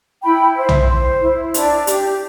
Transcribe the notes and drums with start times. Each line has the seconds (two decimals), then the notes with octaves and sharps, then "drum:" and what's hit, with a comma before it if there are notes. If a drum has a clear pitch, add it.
0.23 E4 G5 B5
0.56 C5
0.69 drum: tom B1
0.89 C5
1.21 E4
1.54 D4, drum: hi-hat
1.87 G4, drum: hi-hat